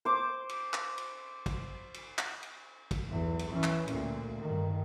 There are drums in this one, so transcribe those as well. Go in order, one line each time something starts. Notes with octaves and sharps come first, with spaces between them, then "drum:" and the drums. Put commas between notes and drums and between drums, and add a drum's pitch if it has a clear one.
C5 D6
drum: cymbal
drum: clap
drum: cymbal
drum: kick, cymbal
drum: cymbal
drum: clap
drum: cymbal
drum: kick, cymbal
B1 E2
drum: cymbal
E3 C#4
drum: clap
D2 A#2, drum: cymbal
G2 D#3